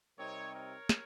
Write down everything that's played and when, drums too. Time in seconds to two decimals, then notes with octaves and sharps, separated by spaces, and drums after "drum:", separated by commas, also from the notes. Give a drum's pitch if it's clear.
0.18 C3 G3 C4 D#4 A#4 C#5
0.54 A#4 C#5
0.89 drum: snare